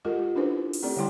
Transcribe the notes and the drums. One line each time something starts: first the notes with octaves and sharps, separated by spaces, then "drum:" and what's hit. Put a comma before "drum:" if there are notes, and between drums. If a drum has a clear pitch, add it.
G#3 F4 G4 A4 A#4 D#5
C#4 D4 E4 A4 B4 C5
drum: open hi-hat
A3 C4 G4 A4 D5
D3 G3 G#3 E4 G5 C6